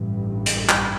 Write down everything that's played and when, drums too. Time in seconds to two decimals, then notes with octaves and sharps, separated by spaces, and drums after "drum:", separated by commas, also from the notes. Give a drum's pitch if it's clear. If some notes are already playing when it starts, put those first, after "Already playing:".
Already playing: A1 G2
0.46 drum: hi-hat
0.69 drum: clap